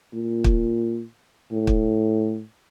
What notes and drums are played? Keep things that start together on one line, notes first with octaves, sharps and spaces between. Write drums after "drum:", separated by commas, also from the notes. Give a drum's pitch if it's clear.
A#2
drum: kick
A2
drum: kick